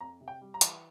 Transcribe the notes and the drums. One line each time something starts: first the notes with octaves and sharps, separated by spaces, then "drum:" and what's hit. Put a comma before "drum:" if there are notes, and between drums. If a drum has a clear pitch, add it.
F2 A#5
C3
G5
G3
A#5
E3, drum: hi-hat